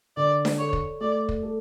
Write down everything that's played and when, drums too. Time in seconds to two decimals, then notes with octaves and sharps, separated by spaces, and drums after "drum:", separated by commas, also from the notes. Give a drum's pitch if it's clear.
0.17 D3 D5
0.45 drum: snare D4
0.58 A4 C#5
0.73 drum: kick
1.00 A3 D5
1.29 drum: kick
1.43 A4